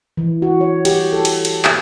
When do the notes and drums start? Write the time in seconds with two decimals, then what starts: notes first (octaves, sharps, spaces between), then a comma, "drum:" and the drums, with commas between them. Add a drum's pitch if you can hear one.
0.17 E3
0.42 F#4
0.61 C#5
0.85 G4, drum: cymbal
1.13 A4
1.25 drum: cymbal
1.45 drum: cymbal
1.65 drum: clap